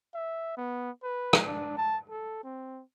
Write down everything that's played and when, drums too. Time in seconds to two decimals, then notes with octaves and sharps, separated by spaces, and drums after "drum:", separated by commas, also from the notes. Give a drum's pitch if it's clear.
0.14 E5
0.57 B3
1.03 B4
1.33 drum: rim click
1.46 D4
1.77 A5
2.09 A4
2.44 C4